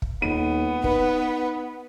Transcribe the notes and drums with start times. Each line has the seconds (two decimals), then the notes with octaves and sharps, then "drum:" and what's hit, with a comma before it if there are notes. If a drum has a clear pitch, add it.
0.02 drum: kick
0.22 D#1 B3 D#4 D#7
0.84 D#4 B4, drum: kick